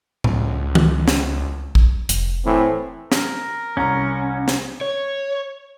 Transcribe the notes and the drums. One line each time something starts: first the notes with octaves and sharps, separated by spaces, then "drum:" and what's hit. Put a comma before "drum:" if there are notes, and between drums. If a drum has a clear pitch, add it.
C#2, drum: tom A2
drum: tom D#3
drum: snare
drum: kick A#1
F1, drum: hi-hat
A2 E3 C4
A#4, drum: snare
C2 C#4 A#5
drum: snare
C#5